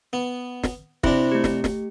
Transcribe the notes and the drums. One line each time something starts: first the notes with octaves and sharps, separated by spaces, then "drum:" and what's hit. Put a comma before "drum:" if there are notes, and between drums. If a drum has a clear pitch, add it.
B3
drum: snare
C3 D4 E4 C5 B5, drum: kick
A3 G4
drum: snare
drum: snare